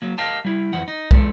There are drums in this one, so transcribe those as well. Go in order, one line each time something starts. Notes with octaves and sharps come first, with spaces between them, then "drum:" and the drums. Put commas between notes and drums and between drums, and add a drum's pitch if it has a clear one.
F#3 A#3
G4 A#4 D#5 F5 G5 A5
G3 E4
F2 E3 F#5
D#4
E2 G#3 A4 D5, drum: kick